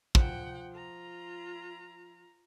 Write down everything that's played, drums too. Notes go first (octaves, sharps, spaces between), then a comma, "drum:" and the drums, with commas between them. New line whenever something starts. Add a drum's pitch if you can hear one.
F3 F#5 G5, drum: kick
F4 A#5